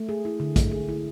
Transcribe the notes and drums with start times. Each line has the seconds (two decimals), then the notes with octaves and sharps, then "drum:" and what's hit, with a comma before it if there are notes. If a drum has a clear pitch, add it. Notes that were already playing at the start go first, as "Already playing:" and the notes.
Already playing: A3
0.09 G#4
0.25 E4
0.40 D3
0.56 A3, drum: kick, hi-hat
0.71 G#4
0.89 E4